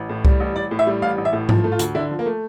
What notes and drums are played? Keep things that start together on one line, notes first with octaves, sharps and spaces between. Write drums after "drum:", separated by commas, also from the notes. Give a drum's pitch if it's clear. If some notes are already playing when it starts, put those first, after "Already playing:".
Already playing: A1
A2
G3, drum: kick C2
A1
A1 D5
A2
E5
G3
A1 F5
A1
E5
A2
F3, drum: tom G#2
A3
F4
D2, drum: hi-hat
D3 E4
F3
A#3
A3